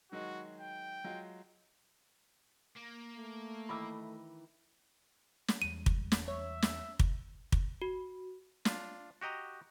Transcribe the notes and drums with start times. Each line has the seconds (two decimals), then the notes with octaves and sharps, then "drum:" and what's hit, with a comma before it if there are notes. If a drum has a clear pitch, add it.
0.12 D#3 F#3 G#3 F#4
0.60 G5
1.04 F#3 G#3 F4
2.76 A#3
3.16 A3
3.69 D#3 E3 D#5 B5 D6 E6
5.48 drum: snare
5.62 E2 G3 G#3 D#7
5.86 drum: kick
6.12 drum: snare
6.28 C#5 E5
6.62 drum: snare
6.99 drum: kick
7.52 drum: kick
7.82 F#4
8.65 D4 F4, drum: snare
9.21 F#4 G4 D#5 A#5